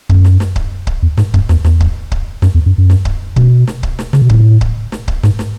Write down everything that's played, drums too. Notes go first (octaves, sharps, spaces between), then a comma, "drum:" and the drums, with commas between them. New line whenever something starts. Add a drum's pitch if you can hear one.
F#2, drum: kick C#1
drum: snare
drum: snare
drum: kick C#1
drum: kick C#1
E2
G#2, drum: snare
F#2, drum: kick C#1
E2, drum: snare
E2, drum: snare
drum: kick C#1
drum: kick C#1
F#2, drum: snare
E2
F#2
F#2
drum: snare
drum: kick C#1
B2, drum: kick C#1
drum: snare
drum: kick C#1
drum: snare
C#3, drum: snare
B2
A2, drum: kick C#1
drum: kick C#1
drum: snare
drum: kick C#1
G#2, drum: snare
drum: snare